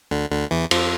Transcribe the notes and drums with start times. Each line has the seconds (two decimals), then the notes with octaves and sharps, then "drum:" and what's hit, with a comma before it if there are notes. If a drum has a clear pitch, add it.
0.11 D2 D3
0.31 D2 D3
0.51 E2 E3
0.71 F2 F3, drum: cymbal